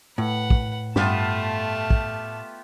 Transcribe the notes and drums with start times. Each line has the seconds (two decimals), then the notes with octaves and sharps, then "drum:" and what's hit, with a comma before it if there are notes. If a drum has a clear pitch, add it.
0.18 A2 B4 F#5
0.50 drum: kick
0.96 G2 A3 B3 F4 G4 A5, drum: snare
1.90 drum: kick